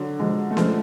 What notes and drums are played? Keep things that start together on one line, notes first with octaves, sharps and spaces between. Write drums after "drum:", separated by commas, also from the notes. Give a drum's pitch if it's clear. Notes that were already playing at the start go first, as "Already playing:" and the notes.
Already playing: D3 F#3
F3 G#3
A3
F3 G#3, drum: snare C#4